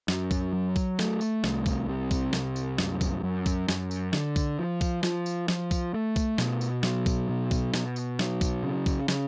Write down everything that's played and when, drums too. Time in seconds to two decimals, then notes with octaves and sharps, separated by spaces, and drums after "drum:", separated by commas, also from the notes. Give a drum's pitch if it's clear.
0.08 F#2, drum: snare
0.31 drum: kick B1, tambourine
0.53 F#3
0.76 drum: kick B1, tambourine
0.99 A3, drum: snare
1.21 drum: tambourine
1.44 C2, drum: snare
1.66 drum: kick B1, tambourine
1.89 C3
2.11 drum: kick B1, tambourine
2.33 C2, drum: snare
2.56 drum: tambourine
2.78 F#2, drum: snare
3.01 drum: kick B1, tambourine
3.23 F#2
3.46 drum: kick B1, tambourine
3.69 F#2, drum: snare
3.91 drum: tambourine
4.13 D3, drum: snare
4.36 drum: kick B1, tambourine
4.59 F3
4.81 drum: kick B1, tambourine
5.03 F3, drum: snare
5.26 drum: tambourine
5.48 F3, drum: snare
5.71 drum: kick B1, tambourine
5.94 A3
6.16 drum: kick B1, tambourine
6.38 B2, drum: snare
6.61 drum: tambourine
6.83 F#3, drum: snare
7.06 drum: kick B1, tambourine
7.29 B2
7.51 drum: kick B1, tambourine
7.74 B2, drum: snare
7.96 drum: tambourine
8.19 F#3, drum: snare
8.41 drum: kick B1, tambourine
8.63 C#3
8.86 drum: kick B1, tambourine
9.08 C#3, drum: snare